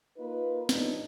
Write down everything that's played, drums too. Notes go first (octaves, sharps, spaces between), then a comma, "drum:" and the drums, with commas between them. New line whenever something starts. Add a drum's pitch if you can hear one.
A#3 D#4 F4 A#4 B4
A1 F2 D4 D#4, drum: snare